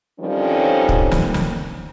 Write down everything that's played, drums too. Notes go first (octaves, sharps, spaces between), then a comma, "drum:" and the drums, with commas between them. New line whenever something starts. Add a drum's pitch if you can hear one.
D3 D#3 F3 G3 C4 C#4
drum: kick
drum: snare
drum: snare